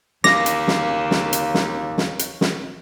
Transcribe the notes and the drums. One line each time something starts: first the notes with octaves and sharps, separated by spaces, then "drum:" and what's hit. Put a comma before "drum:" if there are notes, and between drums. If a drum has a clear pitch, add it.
D#2 C#5 F5 D6 A#6, drum: snare
drum: hi-hat
drum: snare
drum: snare
drum: hi-hat
drum: snare
drum: snare
drum: hi-hat
drum: snare